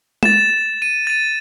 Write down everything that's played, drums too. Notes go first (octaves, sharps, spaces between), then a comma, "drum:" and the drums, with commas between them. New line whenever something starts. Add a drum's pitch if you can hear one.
A6 E7, drum: tom G#3
D#7
A6 D#7